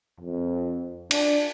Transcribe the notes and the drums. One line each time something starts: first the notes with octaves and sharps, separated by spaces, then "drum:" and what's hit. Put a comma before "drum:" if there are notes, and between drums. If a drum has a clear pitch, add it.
F2
D4, drum: cymbal